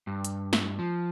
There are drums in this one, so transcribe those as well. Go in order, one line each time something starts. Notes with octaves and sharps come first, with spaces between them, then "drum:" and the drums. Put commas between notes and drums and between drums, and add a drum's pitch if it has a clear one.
G2
drum: hi-hat
drum: snare
F3